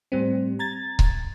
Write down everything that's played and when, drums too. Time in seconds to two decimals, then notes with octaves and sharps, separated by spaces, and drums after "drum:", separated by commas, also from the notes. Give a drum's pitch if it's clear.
0.12 A2 G3 C4
0.59 A#5 G#6 A6
0.99 drum: kick C#1